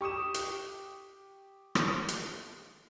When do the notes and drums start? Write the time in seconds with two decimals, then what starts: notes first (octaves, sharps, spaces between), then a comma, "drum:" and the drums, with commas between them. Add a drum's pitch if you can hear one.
0.01 G4 C#6 D#6 E7
0.34 drum: hi-hat
1.75 drum: rim click
2.08 drum: hi-hat